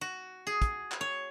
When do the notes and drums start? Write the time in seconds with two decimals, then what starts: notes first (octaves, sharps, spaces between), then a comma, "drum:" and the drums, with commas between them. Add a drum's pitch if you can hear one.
0.01 F#4
0.47 G#4
0.62 drum: kick, hi-hat
0.92 drum: clap
1.01 C#5